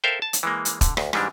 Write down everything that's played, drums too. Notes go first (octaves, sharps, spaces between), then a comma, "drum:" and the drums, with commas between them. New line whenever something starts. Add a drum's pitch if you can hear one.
A4 A#4 C5 E5 F5 G5
A5
drum: hi-hat
E3 G#3 A#3
drum: hi-hat
D3, drum: kick, hi-hat
D2, drum: rim click
G#2 E3 G3 G#3 D4, drum: rim click